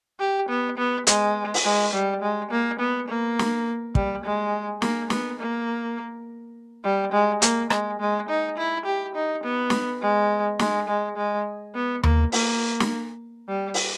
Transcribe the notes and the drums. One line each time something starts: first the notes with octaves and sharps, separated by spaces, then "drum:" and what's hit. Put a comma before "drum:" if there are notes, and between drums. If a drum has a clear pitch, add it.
G4
B3
B3
G#3, drum: hi-hat
drum: open hi-hat
G#3
G3
G#3
A#3
B3
A#3
drum: snare
G3, drum: kick
G#3
A#3, drum: snare
B3, drum: snare
A#3
G3
G#3
A#3, drum: hi-hat
G#3, drum: rim click
G#3
D#4
E4
G4
D#4
B3
drum: snare
G#3
G#3, drum: snare
G#3
G#3
B3
A#3, drum: tom D#2
A#3, drum: open hi-hat
drum: snare
G3
drum: open hi-hat